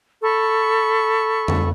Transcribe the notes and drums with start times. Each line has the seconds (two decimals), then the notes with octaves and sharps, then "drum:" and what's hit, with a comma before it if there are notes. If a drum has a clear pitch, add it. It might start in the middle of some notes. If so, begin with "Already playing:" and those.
0.23 A4 B5 C#6
1.48 drum: tom F2